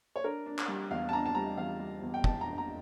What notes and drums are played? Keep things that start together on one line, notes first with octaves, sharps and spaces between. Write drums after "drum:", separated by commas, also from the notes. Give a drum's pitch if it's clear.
C#5
D4 A#4
D4
drum: clap
G3
E2 F5
A5
D4 A#5
A5
G3 A#5
E2 F5
G3
E2
G5
E2 A5, drum: kick
A#5
D4
A#5